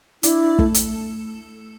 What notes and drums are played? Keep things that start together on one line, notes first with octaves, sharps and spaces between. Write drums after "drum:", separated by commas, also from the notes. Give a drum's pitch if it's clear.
D4 E4, drum: hi-hat
A3, drum: kick
drum: hi-hat